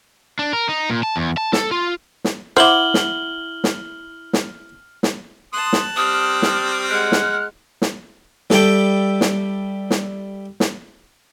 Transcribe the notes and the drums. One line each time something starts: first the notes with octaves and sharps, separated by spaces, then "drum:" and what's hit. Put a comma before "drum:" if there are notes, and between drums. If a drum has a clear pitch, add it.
D4
A#4
D#4
A#2
A5
E2
A5
A4, drum: snare
F4
drum: snare
E4 C5 E5 F#5 D6 F6 F#7 G7
drum: snare
drum: snare
drum: snare
drum: snare
A5 C6 D#6 F#6
drum: snare
G3 C4 D#6 F6
drum: snare
G#3 F#5 F#6
drum: snare
drum: snare
G3 A4 E5 G5, drum: snare
drum: snare
drum: snare
drum: snare